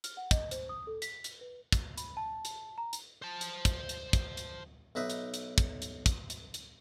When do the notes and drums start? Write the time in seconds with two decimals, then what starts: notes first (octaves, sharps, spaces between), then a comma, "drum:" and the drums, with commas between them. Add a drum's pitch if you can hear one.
0.04 F6, drum: hi-hat
0.17 F#5
0.31 D#5, drum: kick, hi-hat
0.51 C5, drum: hi-hat
0.69 D#6
0.87 A4
1.02 B6, drum: hi-hat
1.24 drum: hi-hat
1.41 B4
1.72 drum: kick, hi-hat
1.97 B5, drum: hi-hat
2.17 A5
2.45 drum: hi-hat
2.78 A#5
2.93 drum: hi-hat
3.22 C5 A5
3.41 drum: hi-hat
3.65 drum: kick, hi-hat
3.89 drum: hi-hat
4.13 drum: kick, hi-hat
4.37 drum: hi-hat
4.95 B1 D#4 B4 E5
5.10 drum: hi-hat
5.34 drum: hi-hat
5.58 drum: kick, hi-hat
5.82 drum: hi-hat
6.06 drum: kick, hi-hat
6.30 drum: hi-hat
6.54 drum: hi-hat